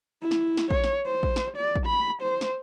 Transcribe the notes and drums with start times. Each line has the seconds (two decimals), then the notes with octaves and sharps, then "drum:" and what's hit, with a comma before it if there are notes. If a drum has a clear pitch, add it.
0.22 E4
0.31 drum: snare
0.57 drum: snare
0.71 C#5, drum: kick A#1
0.84 drum: snare
1.06 C5
1.23 drum: kick A#1
1.36 drum: snare
1.57 D5
1.76 drum: kick A#1
1.86 B5
2.22 C5
2.41 drum: snare